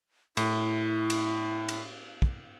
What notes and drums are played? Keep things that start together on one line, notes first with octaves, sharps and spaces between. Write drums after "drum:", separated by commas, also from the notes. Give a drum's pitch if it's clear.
A2 E4, drum: cymbal
drum: cymbal
drum: cymbal
drum: kick